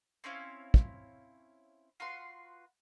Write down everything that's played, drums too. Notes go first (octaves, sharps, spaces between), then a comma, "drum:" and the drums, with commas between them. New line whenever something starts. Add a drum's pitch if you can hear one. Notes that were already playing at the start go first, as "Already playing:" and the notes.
C4 C#4 E4 F5
drum: kick
F4 F#4 B4 C6